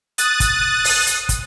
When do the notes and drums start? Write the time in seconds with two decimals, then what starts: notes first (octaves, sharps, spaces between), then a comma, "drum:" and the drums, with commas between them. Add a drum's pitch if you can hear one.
0.18 D#6 F#6 A6 D#7, drum: hi-hat
0.40 drum: kick, hi-hat
0.85 drum: open hi-hat
1.07 drum: hi-hat
1.29 drum: kick, hi-hat